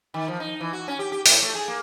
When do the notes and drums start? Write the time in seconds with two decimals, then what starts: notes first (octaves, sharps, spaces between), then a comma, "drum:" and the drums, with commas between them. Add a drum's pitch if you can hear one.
0.14 D#3
0.28 F3
0.40 D#4
0.61 E3
0.73 F#4
0.88 C#4
0.99 G4
1.12 G4
1.26 A2, drum: open hi-hat
1.42 A3
1.55 G#4
1.68 A#3